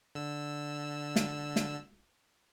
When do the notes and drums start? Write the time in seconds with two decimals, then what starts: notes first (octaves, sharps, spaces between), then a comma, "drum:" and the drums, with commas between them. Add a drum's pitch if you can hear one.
0.15 D3 E6
1.16 drum: snare
1.56 drum: snare